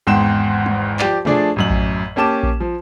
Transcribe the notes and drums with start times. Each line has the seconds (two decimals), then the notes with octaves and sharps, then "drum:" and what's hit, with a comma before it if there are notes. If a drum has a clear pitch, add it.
0.07 G#1 E2 G#2 G5 C6 E7
0.66 drum: tom
0.99 F3 G4 D5, drum: clap
1.25 F3 A3 D4 G#4 D5, drum: tom
1.56 A1 F#2 F#7
1.70 drum: kick A#1
2.16 A#3 C#4 G4 A5 D6 E7
2.43 drum: kick A#1
2.60 F3